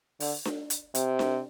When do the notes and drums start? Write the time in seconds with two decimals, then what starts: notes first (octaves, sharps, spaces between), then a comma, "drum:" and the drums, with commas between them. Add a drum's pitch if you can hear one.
0.20 D3, drum: open hi-hat
0.45 drum: snare D4
0.70 drum: hi-hat
0.95 C3, drum: hi-hat
1.19 drum: snare D4